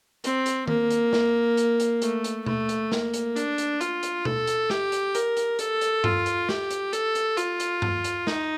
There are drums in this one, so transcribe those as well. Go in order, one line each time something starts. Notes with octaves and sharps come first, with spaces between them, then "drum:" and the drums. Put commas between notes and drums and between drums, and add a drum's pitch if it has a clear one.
C4, drum: hi-hat
drum: hi-hat
A#3, drum: tom D#3
drum: hi-hat
drum: snare
drum: hi-hat
drum: hi-hat
A3, drum: hi-hat
drum: hi-hat
A3, drum: tom B2
drum: hi-hat
A#3, drum: snare
drum: hi-hat
D4, drum: hi-hat
drum: hi-hat
F4, drum: hi-hat
drum: hi-hat
A4, drum: tom B2
drum: hi-hat
G4, drum: snare
drum: hi-hat
A#4, drum: hi-hat
drum: hi-hat
A4, drum: hi-hat
drum: hi-hat
F4, drum: tom G2
drum: hi-hat
G4, drum: snare
drum: hi-hat
A4, drum: hi-hat
drum: hi-hat
F4, drum: hi-hat
drum: hi-hat
drum: tom G2
drum: hi-hat
D#4, drum: snare